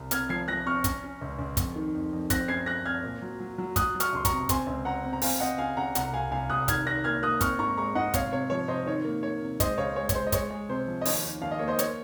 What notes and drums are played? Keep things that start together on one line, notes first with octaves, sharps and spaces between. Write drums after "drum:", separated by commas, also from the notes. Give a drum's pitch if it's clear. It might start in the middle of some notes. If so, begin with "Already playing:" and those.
Already playing: C2
C3 F6 G#6, drum: hi-hat
F3 G#6 C7
F3 F#6 A#6
C4 C#6 F6
C#4, drum: kick, hi-hat
C#4
C#2
C#2
F2, drum: kick, hi-hat
D#3
F2
F2
C4 F#6 A#6, drum: kick, hi-hat
F#2 G#6 C7
F#2 F#6 A#6
C4 F6 G#6
A#2
F#3
F#3
F#3
F#3 D#6 F#6, drum: kick, hi-hat
F#3
C#6 F6, drum: hi-hat
C#2 C6
A#5 C#6, drum: kick, hi-hat
C3
C4 G#5 C6, drum: kick, hi-hat
C#2
C#3 F#5 A#5
C4
A#5
C4 F5 G#5, drum: open hi-hat
C4 D#5 F#5
C#3 F5 G#5
C#3 F#5 A#5
C2 F#5 A#5, drum: hi-hat
C2 F5 G#5
C2 F5 G#5
C2 D#6 F#6
D#3 F6 G#6, drum: kick, hi-hat
D#3 F#6 A#6
A#3 F6 G#6
A#3 D#6 F#6
C4 C#6 F6, drum: kick, hi-hat
G#2 A#5 C#6
G#3 A#5 C#6
G#2 D#5 F#5
C3 C#5 F5, drum: kick, hi-hat
C3 C#5
F3 C#5
C3 C5 D#5
D#3 C#5
A#3
A#3 C#5
C3
G#3 C5 D#5, drum: kick, hi-hat
C#2 C#5 F5
G#3 C#5
C#5, drum: kick, hi-hat
G#3 C5
D#5
G#3 C#5, drum: kick, hi-hat
G#3
C3 C5
F3
D#5
D#2 C#5, drum: open hi-hat
D#3
D#2 F5
D#5
A#3 C#5
C5 D#5
C#5, drum: hi-hat